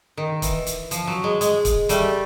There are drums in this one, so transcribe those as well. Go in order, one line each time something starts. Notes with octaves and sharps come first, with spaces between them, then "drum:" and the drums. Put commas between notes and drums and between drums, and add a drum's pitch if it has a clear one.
D#3
E3, drum: kick C#1, hi-hat
drum: hi-hat
F3, drum: hi-hat
F#3
G#3
G#3, drum: hi-hat
drum: kick C#1, hi-hat
G3 A3, drum: hi-hat